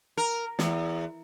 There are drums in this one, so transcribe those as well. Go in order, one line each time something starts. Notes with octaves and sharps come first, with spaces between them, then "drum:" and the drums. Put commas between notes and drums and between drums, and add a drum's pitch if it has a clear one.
A#4
E2, drum: snare